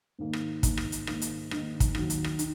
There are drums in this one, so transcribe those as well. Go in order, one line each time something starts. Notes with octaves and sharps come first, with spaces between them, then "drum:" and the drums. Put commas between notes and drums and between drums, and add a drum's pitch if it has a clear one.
G#2 D#3 A#3 D#4
drum: rim click
G#2 D#3 A#3 D#4, drum: kick, hi-hat
drum: rim click
drum: hi-hat
G#2 D#3 A#3 D#4, drum: rim click
drum: hi-hat
G#2 D#3 A#3 D#4, drum: rim click
drum: kick, hi-hat
D#2 D#3 F#3, drum: rim click
drum: hi-hat
drum: rim click
D#3, drum: hi-hat